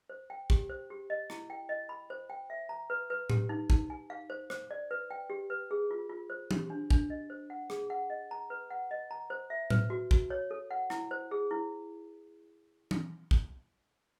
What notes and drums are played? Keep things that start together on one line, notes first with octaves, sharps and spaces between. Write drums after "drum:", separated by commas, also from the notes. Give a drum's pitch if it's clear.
C5
G5
G4, drum: kick
C5
G4
D#5
E4, drum: rim click
G5
D#5
B5
C5
G5
E5
A#5
B4
B4
G4, drum: tom A2
D#4
D#4, drum: kick
G#5
F5
C5
C5, drum: rim click
D5
B4
G5
G4
B4
G#4
F4
F4
C5
G4, drum: tom E3
D4
D4, drum: kick
D#5
C5
F#5
G#4, drum: rim click
F#5
D#5
A#5
B4
F#5
D#5
A#5
C5
E5
B4, drum: tom A2
F#4
F#4, drum: kick
C#5
A4
F#5
E4, drum: rim click
C5
G#4
E4
drum: tom E3
drum: kick